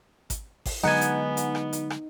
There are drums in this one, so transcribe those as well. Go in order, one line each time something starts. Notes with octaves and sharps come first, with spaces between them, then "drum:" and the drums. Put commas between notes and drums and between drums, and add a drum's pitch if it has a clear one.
drum: kick G#1, hi-hat
drum: kick G#1, open hi-hat
D3 F#3 G#3 B3 D#4 F#5 G#5
drum: hi-hat
drum: hi-hat
drum: rim click
drum: hi-hat
drum: rim click